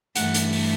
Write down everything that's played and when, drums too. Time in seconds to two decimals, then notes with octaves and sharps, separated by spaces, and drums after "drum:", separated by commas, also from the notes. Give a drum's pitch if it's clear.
0.16 G2 E3 A3 F#5, drum: hi-hat
0.34 drum: hi-hat
0.53 drum: open hi-hat